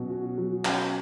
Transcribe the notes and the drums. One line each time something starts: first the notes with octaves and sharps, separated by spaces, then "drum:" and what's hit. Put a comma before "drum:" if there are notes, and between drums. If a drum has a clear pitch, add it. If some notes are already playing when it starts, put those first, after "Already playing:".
Already playing: B2 F#3 C#4
F#4
F#3
C#4, drum: clap